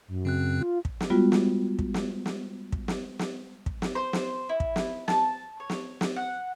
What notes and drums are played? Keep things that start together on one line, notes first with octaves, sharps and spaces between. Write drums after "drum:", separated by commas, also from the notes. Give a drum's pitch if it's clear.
F#2
C#3 C4 F#6
F4
drum: kick
drum: snare
G3 G#3 B3 F4 F#4
drum: snare
drum: kick
drum: snare
drum: snare
drum: kick
drum: snare
drum: snare
drum: kick
drum: snare
C5
drum: snare
E4
drum: kick
drum: snare
A5, drum: snare
C#5
drum: snare
drum: snare
F#5